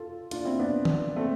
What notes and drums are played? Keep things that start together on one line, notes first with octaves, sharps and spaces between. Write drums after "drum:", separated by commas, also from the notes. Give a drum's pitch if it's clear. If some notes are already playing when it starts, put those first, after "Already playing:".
Already playing: F4 A4
D4 F4, drum: hi-hat
C4 E4
B3 D4
drum: tom
A3 C4